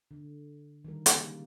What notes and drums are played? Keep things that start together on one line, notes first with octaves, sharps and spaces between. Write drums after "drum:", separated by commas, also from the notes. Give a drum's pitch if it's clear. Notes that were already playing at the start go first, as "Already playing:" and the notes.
D3
D#3 G3 G#3 A#4
C#3 A#3 D#4 G4 G#4, drum: hi-hat